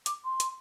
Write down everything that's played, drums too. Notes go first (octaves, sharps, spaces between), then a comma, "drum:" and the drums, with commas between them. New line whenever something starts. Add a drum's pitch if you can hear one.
D6, drum: hi-hat
C6
drum: hi-hat